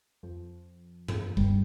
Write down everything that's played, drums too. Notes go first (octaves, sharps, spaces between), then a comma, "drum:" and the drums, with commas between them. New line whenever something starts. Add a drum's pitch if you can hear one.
F2 F3
drum: tom G2
G2 G3, drum: kick F#1